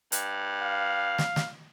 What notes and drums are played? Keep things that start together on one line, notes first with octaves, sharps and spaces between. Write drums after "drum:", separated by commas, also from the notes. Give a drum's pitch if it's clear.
G2, drum: hi-hat
F5
drum: snare
drum: snare